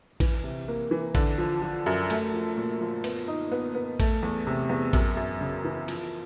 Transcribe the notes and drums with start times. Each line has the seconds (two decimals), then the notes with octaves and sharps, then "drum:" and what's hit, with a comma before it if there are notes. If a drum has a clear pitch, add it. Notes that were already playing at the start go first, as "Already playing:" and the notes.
0.20 E3, drum: kick A1, cymbal
0.44 C3
0.68 A#3
0.91 E3
1.15 D3, drum: kick A1, cymbal
1.38 F3
1.62 F3
1.86 F#2
2.10 A3, drum: cymbal
2.34 F3
2.57 A#2
2.81 F3
3.04 B3, drum: cymbal
3.28 D#4
3.52 B3
3.75 B3
4.00 A3, drum: kick A1, cymbal
4.23 E2
4.47 C3
4.69 E2
4.93 F#2, drum: kick A1, cymbal
5.17 F#2
5.41 C#3
5.65 E3
5.88 F3, drum: cymbal